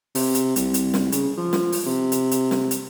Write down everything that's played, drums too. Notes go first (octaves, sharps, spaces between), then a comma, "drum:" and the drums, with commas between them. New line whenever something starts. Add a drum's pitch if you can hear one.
C3, drum: open hi-hat
drum: hi-hat
C2, drum: hi-hat
drum: hi-hat
drum: snare
C#3, drum: hi-hat
F3
drum: snare
drum: open hi-hat
C3
drum: hi-hat
drum: hi-hat
drum: snare
drum: hi-hat